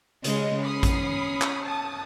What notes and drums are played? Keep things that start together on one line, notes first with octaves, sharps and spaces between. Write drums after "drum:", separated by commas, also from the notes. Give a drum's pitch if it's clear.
C#3 G#3 C#4 D#5, drum: hi-hat
C#4 B5 D#6 C7
drum: kick A1, hi-hat
drum: clap
A5 D#6